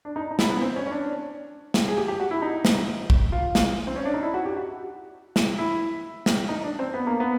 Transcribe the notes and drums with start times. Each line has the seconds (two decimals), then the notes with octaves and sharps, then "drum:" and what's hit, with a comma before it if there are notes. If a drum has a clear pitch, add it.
0.05 D4
0.16 D#4
0.31 D#4
0.39 E4, drum: snare
0.50 B3
0.62 C4
0.76 C#4
0.86 C#4
0.91 D4
1.74 drum: snare
1.88 G#4
1.97 G4
2.08 G4
2.20 F#4
2.31 E4
2.42 D#4
2.65 drum: snare
3.10 drum: kick
3.32 F4
3.55 drum: snare
3.87 C4
3.96 C#4
4.05 D4
4.14 D#4
4.23 E4
4.34 F#4
4.45 G4
4.57 F#4
5.36 drum: snare
5.58 E4
6.26 drum: snare
6.49 D#4
6.64 D4
6.79 C4
6.94 B3
7.07 A#3
7.20 B3